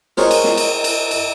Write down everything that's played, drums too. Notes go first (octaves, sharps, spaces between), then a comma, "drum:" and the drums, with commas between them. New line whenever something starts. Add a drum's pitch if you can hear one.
F#4 G#4 A#4 C5 C#5 D#5, drum: snare
drum: cymbal
drum: snare
drum: cymbal
drum: cymbal
drum: cymbal